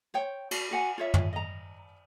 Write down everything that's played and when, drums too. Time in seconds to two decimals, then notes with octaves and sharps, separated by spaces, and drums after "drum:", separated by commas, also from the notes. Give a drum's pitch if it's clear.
0.14 C5 C#5 G5
0.51 F#4, drum: cymbal
0.71 F#4 F#5 G#5
0.98 F4 C#5 E5
1.14 drum: tom F#2
1.33 D#5 A#5